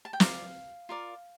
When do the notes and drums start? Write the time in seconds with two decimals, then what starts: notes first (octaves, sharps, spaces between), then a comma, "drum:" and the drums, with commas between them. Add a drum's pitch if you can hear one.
0.05 A5
0.13 G5
0.20 F4 A#4 D5 F5, drum: snare
0.89 F4 A#4 D5